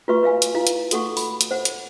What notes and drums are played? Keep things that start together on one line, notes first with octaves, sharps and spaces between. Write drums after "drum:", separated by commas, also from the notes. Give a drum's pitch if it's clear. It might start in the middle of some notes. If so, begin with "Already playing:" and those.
F4 F#4 B4 E5 C#6
B4 E5 F5 G#5
drum: hi-hat
E4 F4 F5
drum: hi-hat
F#4 A4 F#5 C#6, drum: hi-hat
B5, drum: open hi-hat
drum: hi-hat
C5 F#5
drum: hi-hat